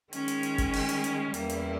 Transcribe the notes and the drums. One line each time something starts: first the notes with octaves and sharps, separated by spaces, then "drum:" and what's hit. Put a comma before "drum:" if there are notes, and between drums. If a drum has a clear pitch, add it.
D#3 G#3 C#4, drum: hi-hat
drum: hi-hat
drum: hi-hat
drum: kick G1, hi-hat
drum: open hi-hat
drum: hi-hat
drum: hi-hat
E2 C#3 G3 A#3 E4, drum: hi-hat
drum: hi-hat